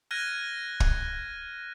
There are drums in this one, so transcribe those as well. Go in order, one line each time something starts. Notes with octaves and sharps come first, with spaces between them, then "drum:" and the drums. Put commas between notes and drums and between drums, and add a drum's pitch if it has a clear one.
F6 F#6 G#6 A#6 D#7
drum: kick